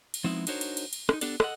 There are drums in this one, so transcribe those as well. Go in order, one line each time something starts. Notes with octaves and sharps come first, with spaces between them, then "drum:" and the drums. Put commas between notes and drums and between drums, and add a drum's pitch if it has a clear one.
drum: cymbal
F3 G#3 B3 C4 D#4 E4
D4 D#4 F#4 A#4 C5 C#5, drum: cymbal
drum: cymbal
drum: cymbal
drum: cymbal
C#4 D#4, drum: rim click
B3 D4 G4 A4 D5, drum: cymbal
A4 D#5 F#5, drum: rim click